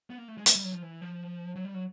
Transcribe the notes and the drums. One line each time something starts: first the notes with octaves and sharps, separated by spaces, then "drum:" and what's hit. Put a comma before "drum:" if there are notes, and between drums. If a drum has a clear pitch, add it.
B3
A#3
A3
G#3
A3, drum: hi-hat
G3
F#3
F3
E3
F3
F#3
G3
F#3